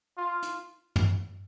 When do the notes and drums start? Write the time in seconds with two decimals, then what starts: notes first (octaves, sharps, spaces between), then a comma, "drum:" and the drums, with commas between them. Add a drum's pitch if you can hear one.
0.18 F4
0.42 drum: hi-hat
0.96 drum: tom G2